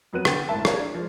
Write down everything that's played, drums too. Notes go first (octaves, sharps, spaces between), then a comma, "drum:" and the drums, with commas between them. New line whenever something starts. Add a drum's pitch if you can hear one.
F2 F#3 B3 F#6 D#7
D3 B3 G5 A6, drum: rim click
G#1 A2 A#4 E5 A5
G4 A#4 C#5 D5 E5 F5, drum: rim click
D4
F3 G#3